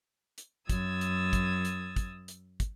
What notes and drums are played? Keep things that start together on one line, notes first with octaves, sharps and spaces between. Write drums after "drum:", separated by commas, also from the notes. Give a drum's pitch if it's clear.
drum: hi-hat
F#2 D#6 E6 G#6 A6, drum: kick, hi-hat
drum: hi-hat
drum: kick, hi-hat
drum: hi-hat
drum: kick, hi-hat
drum: hi-hat
drum: kick, hi-hat